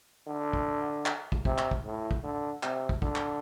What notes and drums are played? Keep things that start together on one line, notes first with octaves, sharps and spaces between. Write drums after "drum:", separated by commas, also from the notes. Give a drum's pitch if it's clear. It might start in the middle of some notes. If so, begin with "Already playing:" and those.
D3
drum: kick
drum: clap
drum: kick
C3, drum: kick
drum: clap
drum: kick
A2
drum: kick
D3
C3, drum: clap
drum: kick
D3, drum: kick
drum: clap